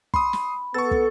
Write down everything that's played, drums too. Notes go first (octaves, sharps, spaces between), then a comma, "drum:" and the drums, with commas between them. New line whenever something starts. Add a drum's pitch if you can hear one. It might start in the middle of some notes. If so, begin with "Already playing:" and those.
B5 C6 D#6, drum: kick
drum: snare
B3 A4 C#6 A6
drum: kick